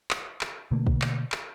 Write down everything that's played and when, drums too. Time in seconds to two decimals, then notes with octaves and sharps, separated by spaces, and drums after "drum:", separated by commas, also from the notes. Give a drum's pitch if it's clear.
0.11 drum: clap
0.41 drum: clap
0.71 B2 D3 A3 A#3
0.87 drum: kick
1.02 drum: clap
1.32 drum: clap